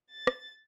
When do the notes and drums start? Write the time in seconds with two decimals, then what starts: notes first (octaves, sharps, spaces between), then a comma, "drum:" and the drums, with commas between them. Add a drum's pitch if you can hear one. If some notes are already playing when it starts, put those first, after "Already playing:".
0.10 A6
0.27 drum: rim click